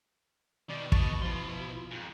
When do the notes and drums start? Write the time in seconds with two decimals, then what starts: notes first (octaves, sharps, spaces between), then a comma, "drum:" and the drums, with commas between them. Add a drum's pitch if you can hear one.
0.69 B2 D#3 D5
0.92 D#5 A5 C#6, drum: kick
1.22 F3 E4 C6
1.91 F2 G#2